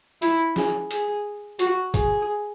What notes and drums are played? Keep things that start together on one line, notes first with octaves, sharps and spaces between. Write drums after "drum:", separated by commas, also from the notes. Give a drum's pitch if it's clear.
E4, drum: hi-hat
G#4, drum: snare
G#4, drum: hi-hat
F#4, drum: hi-hat
G#4, drum: kick, hi-hat